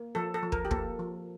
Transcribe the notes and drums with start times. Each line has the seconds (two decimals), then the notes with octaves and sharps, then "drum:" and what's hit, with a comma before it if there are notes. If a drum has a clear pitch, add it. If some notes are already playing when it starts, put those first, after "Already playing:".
Already playing: A#3
0.15 F3 A4
0.34 A4
0.43 F3
0.52 A#4, drum: kick
0.65 G4
0.71 A#3 A4, drum: kick
0.99 F3